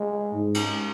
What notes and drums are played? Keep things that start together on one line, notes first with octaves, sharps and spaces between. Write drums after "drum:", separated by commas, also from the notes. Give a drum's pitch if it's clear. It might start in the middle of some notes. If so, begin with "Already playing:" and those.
Already playing: G#3
G#2
drum: cymbal